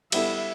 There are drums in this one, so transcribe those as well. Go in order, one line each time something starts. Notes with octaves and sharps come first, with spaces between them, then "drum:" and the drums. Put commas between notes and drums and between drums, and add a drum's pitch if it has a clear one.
G3 B3 E4 A4 E5, drum: cymbal